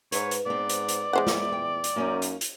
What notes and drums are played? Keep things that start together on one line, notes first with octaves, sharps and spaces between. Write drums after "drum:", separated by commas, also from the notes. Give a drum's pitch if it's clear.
G#2 B4 C#5, drum: hi-hat
drum: hi-hat
G#2 B3 C4 D5
drum: hi-hat
drum: hi-hat
E2 G#3 E4 C5 F#5
drum: snare
G5
drum: hi-hat
F#2 A#3 C#4 D#4
drum: hi-hat
drum: hi-hat